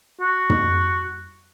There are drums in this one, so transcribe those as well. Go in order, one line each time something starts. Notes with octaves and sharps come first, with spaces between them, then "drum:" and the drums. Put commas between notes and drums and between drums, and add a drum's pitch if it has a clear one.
F#4
drum: tom